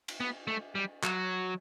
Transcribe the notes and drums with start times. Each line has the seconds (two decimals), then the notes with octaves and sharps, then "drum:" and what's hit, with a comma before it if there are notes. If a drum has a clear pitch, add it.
0.08 drum: cymbal
0.20 B3
0.47 A3
0.75 G3
1.03 F#3, drum: clap